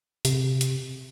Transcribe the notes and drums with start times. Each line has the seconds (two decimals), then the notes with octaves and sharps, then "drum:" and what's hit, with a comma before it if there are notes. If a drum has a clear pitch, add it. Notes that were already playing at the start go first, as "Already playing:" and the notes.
0.25 C3, drum: hi-hat
0.61 drum: hi-hat